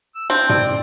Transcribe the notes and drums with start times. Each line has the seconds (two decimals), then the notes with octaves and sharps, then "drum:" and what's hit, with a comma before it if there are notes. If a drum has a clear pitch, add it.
0.15 E6
0.30 C4 D4
0.49 D5, drum: tom